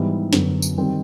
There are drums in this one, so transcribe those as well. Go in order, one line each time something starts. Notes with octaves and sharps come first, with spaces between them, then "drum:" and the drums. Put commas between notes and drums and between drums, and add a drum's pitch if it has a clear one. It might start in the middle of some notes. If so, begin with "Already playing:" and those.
Already playing: G#2 E3 G3 B3 E4
F#2 D3 F#3 B3, drum: snare
drum: tambourine
D#3 G3 C4 D#4